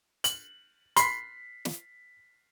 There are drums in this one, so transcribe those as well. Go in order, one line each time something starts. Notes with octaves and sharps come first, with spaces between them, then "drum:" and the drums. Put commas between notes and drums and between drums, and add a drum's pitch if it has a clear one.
F#7, drum: hi-hat
B5 C6 B6 C7, drum: hi-hat
drum: snare